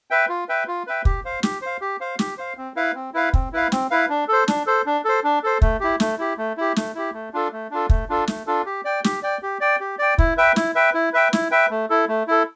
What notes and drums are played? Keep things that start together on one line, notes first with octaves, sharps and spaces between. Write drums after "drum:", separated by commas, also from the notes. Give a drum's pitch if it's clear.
B4 E5 G5
F4
B4 E5 G5
F4
B4 E5 G5
G4, drum: kick
C5 F5
G4, drum: snare
C5 F5
G4
C5 F5
G4, drum: snare
C5 F5
C4
E4 B4 F5
C4
E4 B4 F5
C4, drum: kick
E4 B4 F5
C4, drum: snare
E4 B4 F5
D4
A4 C5
D4, drum: snare
A4 C5
D4
A4 C5
D4
A4 C5
A3, drum: kick
E4 G4
A3, drum: snare
E4 G4
A3
E4 G4
A3, drum: snare
E4 G4
A3
D4 F4 A4
A3
D4 F4 A4
A3, drum: kick
D4 F4 A4
A3, drum: snare
D4 F4 A4
G4
D5 G5
G4, drum: snare
D5 G5
G4
D5 G5
G4
D5 G5
E4, drum: kick
B4 E5 G5
E4, drum: snare
B4 E5 G5
E4
B4 E5 G5
E4, drum: snare
B4 E5 G5
A3
E4 A4
A3
E4 A4